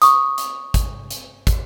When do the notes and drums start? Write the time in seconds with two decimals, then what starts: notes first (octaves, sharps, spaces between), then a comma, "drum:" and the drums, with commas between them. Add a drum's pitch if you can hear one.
0.02 C#6 D#6, drum: hi-hat
0.38 drum: hi-hat
0.74 drum: kick, hi-hat
1.11 drum: hi-hat
1.47 drum: kick, hi-hat